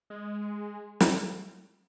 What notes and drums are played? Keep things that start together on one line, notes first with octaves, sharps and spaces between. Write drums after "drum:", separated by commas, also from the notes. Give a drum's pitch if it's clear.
G#3
drum: snare